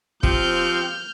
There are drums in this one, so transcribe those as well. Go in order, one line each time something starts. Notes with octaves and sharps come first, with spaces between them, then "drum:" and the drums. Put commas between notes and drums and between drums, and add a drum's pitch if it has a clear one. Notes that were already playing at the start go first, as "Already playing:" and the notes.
F3 C4 G4 F5 F6 G6, drum: kick